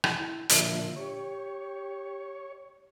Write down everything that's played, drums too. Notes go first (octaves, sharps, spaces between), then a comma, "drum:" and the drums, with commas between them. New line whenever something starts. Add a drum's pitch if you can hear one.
drum: rim click
E4
A#2 D3 F3 E5, drum: hi-hat
G4 C#5